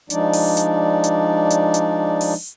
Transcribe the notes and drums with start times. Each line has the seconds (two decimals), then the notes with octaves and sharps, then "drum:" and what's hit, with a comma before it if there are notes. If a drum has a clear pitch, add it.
0.10 F3 G#3 D4 D#4 D5, drum: hi-hat
0.33 drum: open hi-hat
0.57 drum: hi-hat
1.04 drum: hi-hat
1.50 drum: hi-hat
1.74 drum: hi-hat
2.21 drum: open hi-hat